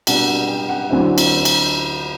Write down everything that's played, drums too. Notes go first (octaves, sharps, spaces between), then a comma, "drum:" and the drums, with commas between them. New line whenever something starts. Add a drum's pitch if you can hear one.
B2 G3 D4 F#5, drum: cymbal
F#5
G5
F#5
D2 D3 F#3 C4 E4
drum: cymbal
drum: cymbal